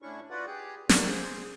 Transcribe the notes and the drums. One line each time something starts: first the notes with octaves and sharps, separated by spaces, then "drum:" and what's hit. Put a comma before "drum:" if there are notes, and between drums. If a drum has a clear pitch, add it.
A2 C#4 D4 E4 C#6
F4 F#4 B4 D5 F#5
G4 G#4
C3 D#3 G3 G#3 A#3 B3, drum: snare
G#4 C5